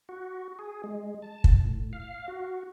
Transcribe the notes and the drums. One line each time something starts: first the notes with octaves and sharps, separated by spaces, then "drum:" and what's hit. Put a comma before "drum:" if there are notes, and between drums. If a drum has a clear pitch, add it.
F#4
G#4
G#3
A5
drum: kick
A2
F5
F#4